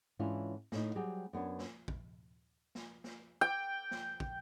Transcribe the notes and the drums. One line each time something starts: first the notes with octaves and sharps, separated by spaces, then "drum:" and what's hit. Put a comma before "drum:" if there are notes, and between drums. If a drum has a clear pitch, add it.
G#2 E3 C#4 D4 E4 F4
A2 D#4, drum: snare
F#3 G3 C4 G4 G#4 G5
F#2 B3 D4 C#5
drum: snare
drum: kick
drum: snare
drum: snare
G5
drum: snare
drum: kick